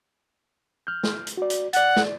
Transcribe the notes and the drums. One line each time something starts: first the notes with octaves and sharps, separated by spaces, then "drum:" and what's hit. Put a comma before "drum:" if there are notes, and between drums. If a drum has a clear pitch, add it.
F6 G6
drum: snare
drum: hi-hat
F#4 D5
drum: hi-hat
D5 F#5 A6, drum: hi-hat
drum: snare